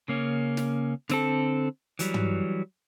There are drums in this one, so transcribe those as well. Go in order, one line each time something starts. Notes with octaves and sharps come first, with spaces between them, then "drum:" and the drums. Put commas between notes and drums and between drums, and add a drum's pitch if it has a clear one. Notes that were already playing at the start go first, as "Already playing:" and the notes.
C#3 A#3 C#4
drum: snare
D3 C4 A4, drum: snare
E3 F#3 G3, drum: hi-hat
drum: tom